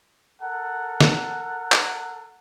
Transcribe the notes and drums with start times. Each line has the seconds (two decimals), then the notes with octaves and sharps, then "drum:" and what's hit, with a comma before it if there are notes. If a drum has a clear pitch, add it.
0.41 A4 A#4 F#5
1.01 drum: snare
1.72 drum: clap